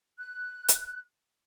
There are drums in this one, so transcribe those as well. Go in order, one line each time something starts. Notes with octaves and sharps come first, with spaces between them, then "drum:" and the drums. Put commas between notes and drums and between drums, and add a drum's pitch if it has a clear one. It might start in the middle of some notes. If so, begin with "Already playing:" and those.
F#6
drum: hi-hat